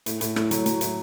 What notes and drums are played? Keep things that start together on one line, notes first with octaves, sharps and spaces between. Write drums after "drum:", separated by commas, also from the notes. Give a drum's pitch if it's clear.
A2, drum: hi-hat
A2, drum: hi-hat
A2, drum: rim click
F#3, drum: hi-hat
F#3, drum: hi-hat
A2, drum: hi-hat